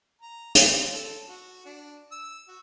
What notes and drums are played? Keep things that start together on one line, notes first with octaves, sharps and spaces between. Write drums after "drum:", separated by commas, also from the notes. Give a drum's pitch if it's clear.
A#5
D6, drum: hi-hat
F4
A4
F#4
D4
E6
F#4